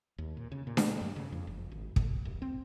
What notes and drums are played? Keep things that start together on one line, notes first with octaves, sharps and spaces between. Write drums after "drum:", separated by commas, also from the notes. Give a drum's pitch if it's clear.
D#2
A#2
C#3
A#2
drum: snare D4
G2
C#3
F2
F#1
G#1
B1, drum: kick
D#1
C4